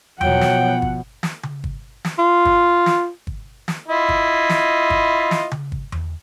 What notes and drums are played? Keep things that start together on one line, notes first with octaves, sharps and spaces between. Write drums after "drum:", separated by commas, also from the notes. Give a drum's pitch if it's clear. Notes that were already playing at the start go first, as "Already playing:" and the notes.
B2 F3 F#3 F#5 G5, drum: tom E2
drum: snare
drum: kick
drum: snare
drum: tom C#3
drum: kick
drum: snare
F4
drum: kick
drum: snare
drum: kick
drum: snare
E4 F4 D#5
drum: kick
drum: snare
drum: kick
drum: snare
drum: tom C#3
drum: kick
drum: tom E2